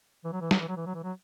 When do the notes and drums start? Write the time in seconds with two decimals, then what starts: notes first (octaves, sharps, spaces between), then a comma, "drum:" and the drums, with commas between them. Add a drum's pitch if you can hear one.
0.24 E3
0.32 F#3
0.41 E3
0.51 F#3, drum: snare
0.60 E3
0.68 F#3
0.77 E3
0.86 F#3
0.94 E3
1.03 F#3